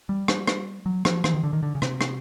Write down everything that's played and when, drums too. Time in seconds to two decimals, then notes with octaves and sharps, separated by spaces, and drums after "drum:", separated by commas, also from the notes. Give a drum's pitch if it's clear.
0.09 G3
0.28 drum: rim click
0.47 drum: rim click
0.86 F#3
1.05 F3, drum: rim click
1.24 E3, drum: rim click
1.34 D#3
1.43 D3
1.53 D#3
1.63 D3
1.75 C#3
1.82 C3, drum: rim click
2.01 drum: rim click